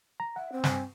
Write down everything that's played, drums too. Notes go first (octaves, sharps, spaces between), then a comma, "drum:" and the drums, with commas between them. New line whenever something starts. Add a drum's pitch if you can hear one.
A#5
E5 F#5
C4
G2 G#5, drum: snare